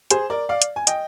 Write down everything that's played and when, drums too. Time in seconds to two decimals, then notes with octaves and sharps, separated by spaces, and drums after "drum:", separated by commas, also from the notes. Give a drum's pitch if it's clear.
0.11 G#4 C5, drum: hi-hat
0.30 A#4 D5
0.49 D5 F5
0.62 drum: hi-hat
0.76 G#5
0.87 D#5 G5, drum: hi-hat